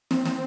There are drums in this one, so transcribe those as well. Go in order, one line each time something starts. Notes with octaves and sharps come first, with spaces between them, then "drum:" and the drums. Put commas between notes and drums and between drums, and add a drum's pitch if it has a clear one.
C4, drum: snare
drum: snare